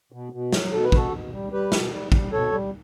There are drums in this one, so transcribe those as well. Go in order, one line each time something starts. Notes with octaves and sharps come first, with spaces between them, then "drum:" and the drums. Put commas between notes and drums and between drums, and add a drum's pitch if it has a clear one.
B2
B2
F#3, drum: snare
B2 A4
B4
B2 F#4 A4, drum: kick
B2
G3
G3 G4 B4
B2, drum: snare
G3
G3, drum: kick
B2 A4 C#5
G3